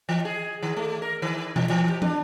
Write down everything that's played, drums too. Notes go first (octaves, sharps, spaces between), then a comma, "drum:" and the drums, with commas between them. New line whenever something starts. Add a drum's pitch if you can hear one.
E3
G#4
D#3
A3
A#4
D#3
E3, drum: tom B2
E3
G4
D4, drum: tom